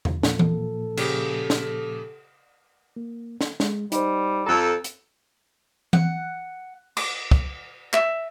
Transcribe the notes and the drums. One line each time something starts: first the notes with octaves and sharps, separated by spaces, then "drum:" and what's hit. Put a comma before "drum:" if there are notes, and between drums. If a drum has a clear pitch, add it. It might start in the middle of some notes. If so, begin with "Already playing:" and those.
drum: tom E2
A#2 F3 A#3 A4, drum: snare
drum: tom E3
C#3 G4, drum: cymbal
drum: snare
A#3
drum: snare
G#3, drum: snare
G3 D#4 C5, drum: hi-hat
F2 A4 A#5
drum: hi-hat
F#5, drum: tom E3
D6, drum: cymbal
drum: kick
E5, drum: clap